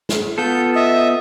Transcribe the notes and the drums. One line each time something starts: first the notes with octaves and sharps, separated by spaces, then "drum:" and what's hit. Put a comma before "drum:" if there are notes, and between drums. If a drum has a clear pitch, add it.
drum: snare
B3 F4 A4 G6
D#5 E5